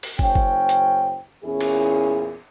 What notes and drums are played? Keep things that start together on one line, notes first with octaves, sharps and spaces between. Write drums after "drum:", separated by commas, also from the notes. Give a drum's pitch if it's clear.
drum: open hi-hat
F#1 C#4 C5 G5, drum: kick
drum: kick
drum: hi-hat
E2 A#2 C#4 E4 G#4
drum: cymbal